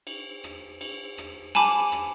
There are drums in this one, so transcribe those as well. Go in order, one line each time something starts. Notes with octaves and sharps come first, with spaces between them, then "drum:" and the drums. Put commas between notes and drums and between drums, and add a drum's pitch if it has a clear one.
drum: cymbal
drum: rim click
drum: cymbal
drum: rim click
G#5 A5 B5 D6, drum: cymbal
drum: rim click